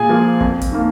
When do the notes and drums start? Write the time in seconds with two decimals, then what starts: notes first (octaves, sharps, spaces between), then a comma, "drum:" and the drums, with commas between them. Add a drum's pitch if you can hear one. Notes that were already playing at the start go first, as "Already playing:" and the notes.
Already playing: A#2 G#4 G#5
0.09 F3 A#3
0.40 F2, drum: kick
0.61 drum: kick, hi-hat
0.72 D#3 A#3